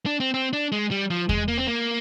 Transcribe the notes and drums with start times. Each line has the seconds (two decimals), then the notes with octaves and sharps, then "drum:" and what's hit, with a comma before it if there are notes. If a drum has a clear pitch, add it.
0.06 D4
0.20 C4
0.34 C4
0.53 D4
0.72 G#3
0.91 G3
1.10 F3
1.29 G#3, drum: kick E2
1.48 A#3
1.58 C4
1.67 A#3